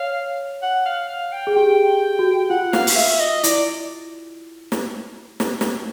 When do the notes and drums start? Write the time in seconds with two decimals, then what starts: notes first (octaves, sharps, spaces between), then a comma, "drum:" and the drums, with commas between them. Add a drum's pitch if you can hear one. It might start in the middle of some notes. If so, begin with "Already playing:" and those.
Already playing: C#5 F5
0.62 F#5
0.86 F5
1.09 F5
1.32 G5
1.47 G#4
1.56 G4 G5
2.19 F#4
2.50 F4 F#5
2.73 F5, drum: snare
2.87 drum: open hi-hat
2.96 E5
3.20 D#5
3.43 E4 D5, drum: hi-hat
4.72 drum: snare
5.40 drum: snare
5.61 drum: snare